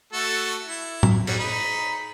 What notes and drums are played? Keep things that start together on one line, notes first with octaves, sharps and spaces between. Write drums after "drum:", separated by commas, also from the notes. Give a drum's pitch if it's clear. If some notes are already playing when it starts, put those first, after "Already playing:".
A3 F#4 A4
E4
drum: tom A2
F#3 G3, drum: cymbal
D#4 B5